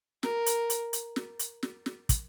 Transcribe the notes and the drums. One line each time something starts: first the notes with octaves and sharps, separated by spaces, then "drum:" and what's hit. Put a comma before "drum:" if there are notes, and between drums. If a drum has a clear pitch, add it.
A#4, drum: snare
drum: hi-hat
drum: hi-hat
drum: hi-hat
drum: snare
drum: hi-hat
drum: snare
drum: snare
drum: kick, hi-hat